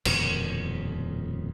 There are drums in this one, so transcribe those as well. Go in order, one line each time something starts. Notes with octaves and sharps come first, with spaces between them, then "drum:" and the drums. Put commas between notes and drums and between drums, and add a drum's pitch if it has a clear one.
D#1 F2 B2 D3, drum: cymbal